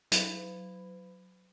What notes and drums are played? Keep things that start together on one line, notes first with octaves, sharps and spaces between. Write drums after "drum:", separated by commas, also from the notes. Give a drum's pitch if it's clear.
F#3, drum: hi-hat